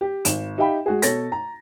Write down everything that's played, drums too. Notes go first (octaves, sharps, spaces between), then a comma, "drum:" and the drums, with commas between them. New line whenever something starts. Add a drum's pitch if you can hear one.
G4
G#1 E7, drum: hi-hat
D#4 G4 E5 F5 G5 B5
G#3 F#4 G#4
B2 A4 C#5 A6 A#6, drum: hi-hat
A#5